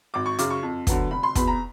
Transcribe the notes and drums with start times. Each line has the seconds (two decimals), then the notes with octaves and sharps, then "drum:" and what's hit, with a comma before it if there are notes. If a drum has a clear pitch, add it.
0.14 G#1 D6
0.26 C#6
0.39 F#2 C#3 D6, drum: hi-hat
0.50 C#6
0.63 F2
0.87 D3 F#3 B3, drum: kick, hi-hat
1.11 F1 B5
1.23 C6
1.35 E2 B2 B5, drum: kick, hi-hat
1.48 A#5